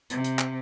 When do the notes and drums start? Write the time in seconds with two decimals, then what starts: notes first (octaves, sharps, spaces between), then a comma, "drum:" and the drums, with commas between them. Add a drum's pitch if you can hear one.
0.10 C3, drum: hi-hat
0.24 drum: hi-hat
0.39 drum: clap